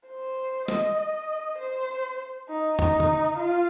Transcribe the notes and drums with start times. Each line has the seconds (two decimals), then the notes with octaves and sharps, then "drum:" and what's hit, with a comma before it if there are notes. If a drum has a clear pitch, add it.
0.09 C5
0.68 D#5, drum: snare
0.98 D#5
1.58 C5
2.49 D#4
2.79 D#4, drum: tom
3.00 drum: tom C#3
3.38 F4